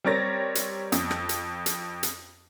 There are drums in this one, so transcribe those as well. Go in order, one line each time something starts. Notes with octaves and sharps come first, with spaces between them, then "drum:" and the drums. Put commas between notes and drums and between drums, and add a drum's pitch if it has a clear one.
G3 C4 A#4 C#5 A6 A#6
drum: hi-hat
F2, drum: hi-hat
drum: rim click
drum: hi-hat
drum: hi-hat
drum: hi-hat